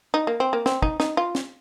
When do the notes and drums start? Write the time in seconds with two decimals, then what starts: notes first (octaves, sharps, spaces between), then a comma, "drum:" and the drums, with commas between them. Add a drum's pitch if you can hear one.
0.14 D#4
0.27 A#3
0.40 C4
0.53 A#3
0.66 C4, drum: snare
0.82 D#4, drum: kick
1.00 D#4, drum: snare
1.17 F4
1.35 drum: snare